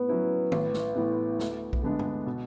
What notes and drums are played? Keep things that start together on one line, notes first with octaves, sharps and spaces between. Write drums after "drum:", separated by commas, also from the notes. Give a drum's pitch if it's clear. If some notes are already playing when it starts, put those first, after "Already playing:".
Already playing: A2 B3
F#3 C#4 E4 B4
A1, drum: tom D#3
drum: snare
A2 E3 B3
D2, drum: snare
drum: kick B1
D3 G#3 B3 D4
drum: tom G2
B2